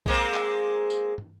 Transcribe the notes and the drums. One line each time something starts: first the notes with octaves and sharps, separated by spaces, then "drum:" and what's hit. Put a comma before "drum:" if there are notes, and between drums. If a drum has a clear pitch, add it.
G#3 A#3 C4, drum: kick B1
drum: clap
drum: tambourine
drum: tom